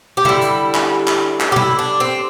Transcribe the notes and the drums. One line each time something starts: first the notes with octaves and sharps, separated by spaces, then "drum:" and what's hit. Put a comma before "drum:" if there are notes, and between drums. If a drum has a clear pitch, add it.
G4
D3 G3 E4, drum: tom
drum: hi-hat
drum: clap
drum: clap
drum: clap
G4
E4, drum: tom
D4
C4